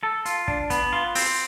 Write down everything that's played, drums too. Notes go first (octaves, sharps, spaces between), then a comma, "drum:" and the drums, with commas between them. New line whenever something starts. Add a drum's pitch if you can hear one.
A4
F4, drum: hi-hat
D4, drum: kick
B3, drum: kick, hi-hat
F4
C4, drum: open hi-hat